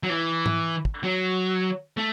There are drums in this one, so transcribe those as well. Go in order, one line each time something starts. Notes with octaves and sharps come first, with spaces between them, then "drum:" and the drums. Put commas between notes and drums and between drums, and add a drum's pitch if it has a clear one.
F#3
E3
drum: tom G#2
drum: kick
F#3
A3